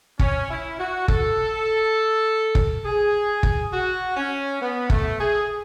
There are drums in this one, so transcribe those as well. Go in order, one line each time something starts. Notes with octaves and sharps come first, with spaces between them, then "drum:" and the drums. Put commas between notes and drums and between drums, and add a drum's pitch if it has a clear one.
C#4, drum: kick
E4
F#4
A4, drum: kick
drum: kick
G#4
drum: kick
F#4
C#4
B3
A3, drum: kick
G#4